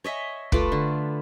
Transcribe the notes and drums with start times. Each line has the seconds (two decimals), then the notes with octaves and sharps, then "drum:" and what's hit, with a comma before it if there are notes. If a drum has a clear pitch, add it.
0.04 C#5 D#5 E5 G#5
0.52 A3 F4 B4 D6, drum: kick
0.72 D3